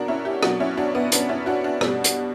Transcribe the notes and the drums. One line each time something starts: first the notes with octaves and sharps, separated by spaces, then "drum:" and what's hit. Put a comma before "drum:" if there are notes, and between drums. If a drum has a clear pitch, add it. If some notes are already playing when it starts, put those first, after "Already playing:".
Already playing: B2 F#3 D4 F#4 A#4
C#4 E4
E4 G4
B2 F#3 D4 F#4, drum: rim click
C#4 E4
D4 F#4
B3 D4
B3 D4, drum: hi-hat
C#4 E4
D4 F#4
D4 F#4
B2 G3, drum: rim click
drum: hi-hat